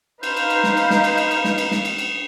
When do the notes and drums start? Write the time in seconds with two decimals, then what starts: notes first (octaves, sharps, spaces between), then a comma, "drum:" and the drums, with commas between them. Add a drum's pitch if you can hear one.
0.23 D#4 B4 C5 F5, drum: cymbal
0.37 drum: cymbal
0.50 drum: cymbal
0.63 drum: snare
0.77 drum: cymbal
0.90 drum: snare
1.04 drum: cymbal
1.17 drum: cymbal
1.31 drum: cymbal
1.44 drum: snare
1.58 drum: cymbal
1.71 drum: snare
1.85 drum: cymbal
1.98 drum: cymbal